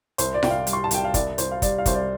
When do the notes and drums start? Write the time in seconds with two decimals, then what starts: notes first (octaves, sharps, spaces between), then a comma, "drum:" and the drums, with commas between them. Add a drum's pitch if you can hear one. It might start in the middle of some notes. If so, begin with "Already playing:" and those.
0.18 C2 C5, drum: hi-hat
0.34 D5
0.43 C2 G5, drum: snare F4
0.50 F5
0.67 G3, drum: hi-hat
0.73 C6
0.84 A5
0.91 C2 G5, drum: hi-hat
1.04 F5
1.14 C2 D5, drum: kick, hi-hat
1.38 C2 C5, drum: hi-hat
1.51 F5
1.62 G3 D5, drum: kick, hi-hat
1.78 F5
1.86 C2 C5, drum: kick, hi-hat
1.94 D5